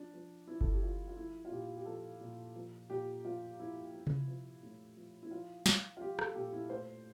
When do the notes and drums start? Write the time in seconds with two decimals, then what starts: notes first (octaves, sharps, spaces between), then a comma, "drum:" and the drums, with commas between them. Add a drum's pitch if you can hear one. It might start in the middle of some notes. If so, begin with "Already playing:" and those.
Already playing: F3 D4
0.14 F3
0.47 F3 E4
0.61 A4, drum: kick F#1
0.72 G4
0.83 F3 F4
1.08 F4
1.17 F3 E4
1.45 F4
1.51 A#2 G4
1.76 G4
1.86 F3 A4
2.21 A#2
2.56 F3
2.90 A#2 G4
3.25 F3 F4
3.60 F3 E4
3.94 F3
4.07 drum: tom C3
4.28 F3
4.63 A2
4.97 F3
5.23 E4
5.31 F3 F4
5.66 F3, drum: snare
5.97 F4
6.01 F3 G4
6.19 A4, drum: rim click
6.35 A#2 G4
6.52 E4
6.70 A2 C5